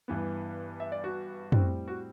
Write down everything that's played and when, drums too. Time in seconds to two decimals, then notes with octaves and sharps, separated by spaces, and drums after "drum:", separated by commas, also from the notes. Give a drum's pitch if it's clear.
0.08 G2 E3 B3
0.80 E5
0.92 D5
1.04 F#4
1.52 A2 G3 C4, drum: tom
1.88 F#4